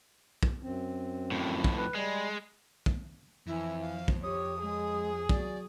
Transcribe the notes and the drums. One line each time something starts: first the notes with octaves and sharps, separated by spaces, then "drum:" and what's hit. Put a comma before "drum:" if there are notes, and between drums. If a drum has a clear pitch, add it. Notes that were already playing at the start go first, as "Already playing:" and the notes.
drum: kick
F#2 C4
F2 A2
drum: kick
B4
G3 G#3
drum: kick
F2 E3 E4
F5
drum: kick
G4 C#5 D#6
G#3 G#4
F#3 D5, drum: kick